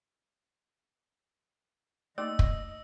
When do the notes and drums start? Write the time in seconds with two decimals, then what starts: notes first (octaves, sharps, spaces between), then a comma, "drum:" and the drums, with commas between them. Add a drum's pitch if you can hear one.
2.18 A3 A#3 D#4 D5 D#5 E6
2.39 drum: kick